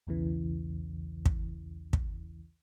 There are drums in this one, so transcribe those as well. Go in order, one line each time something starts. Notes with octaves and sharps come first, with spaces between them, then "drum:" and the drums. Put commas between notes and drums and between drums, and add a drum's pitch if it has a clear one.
B1 E2 C#3 E3
drum: kick
drum: kick